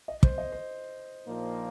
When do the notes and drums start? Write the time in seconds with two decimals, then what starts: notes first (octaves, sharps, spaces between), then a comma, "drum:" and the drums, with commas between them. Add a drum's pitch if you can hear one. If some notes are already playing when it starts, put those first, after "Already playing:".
0.08 D#5
0.23 C5, drum: kick
0.38 D#5
0.52 C5
1.26 A#1 A#2 F3 A#3 D#4